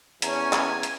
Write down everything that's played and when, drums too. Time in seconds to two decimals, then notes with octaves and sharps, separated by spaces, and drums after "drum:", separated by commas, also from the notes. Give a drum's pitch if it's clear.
0.22 E2 A3 C#4 G#5 A#5, drum: hi-hat
0.53 drum: clap
0.83 drum: hi-hat